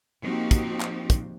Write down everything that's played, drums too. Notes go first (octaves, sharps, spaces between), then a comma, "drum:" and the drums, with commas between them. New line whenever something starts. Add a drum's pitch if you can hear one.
F3 A#3 C4 D#4 F#4 G4
drum: kick, hi-hat
drum: clap
drum: kick, hi-hat